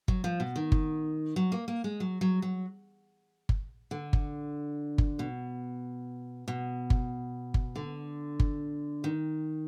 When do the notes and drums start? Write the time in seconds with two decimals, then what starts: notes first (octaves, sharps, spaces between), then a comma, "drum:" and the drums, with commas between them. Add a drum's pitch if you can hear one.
0.08 F#3, drum: kick G1
0.24 F3
0.40 B2
0.56 D#3
0.72 drum: kick G1
1.36 F#3
1.52 A#3
1.68 A#3
1.84 G#3
2.00 F#3
2.21 F#3
2.42 F#3
3.49 drum: kick G1
3.91 D3
4.13 drum: kick G1
4.98 drum: kick G1
5.19 B2
6.48 B2
6.90 drum: kick G1
7.54 drum: kick G1
7.76 D3
8.40 drum: kick G1
9.04 D#3